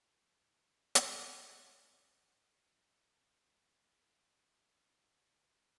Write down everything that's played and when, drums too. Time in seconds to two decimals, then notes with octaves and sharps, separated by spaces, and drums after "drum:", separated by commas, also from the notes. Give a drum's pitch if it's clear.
0.22 D3 F3 C#5
0.95 drum: hi-hat
1.92 G1
2.07 C#2
2.23 B1
2.36 A2
2.58 D2
4.92 D#4 E4 F#4